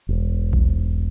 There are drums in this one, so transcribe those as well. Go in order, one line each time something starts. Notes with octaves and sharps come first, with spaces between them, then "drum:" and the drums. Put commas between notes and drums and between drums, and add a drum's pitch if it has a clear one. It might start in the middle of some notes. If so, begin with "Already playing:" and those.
E1
drum: kick A#1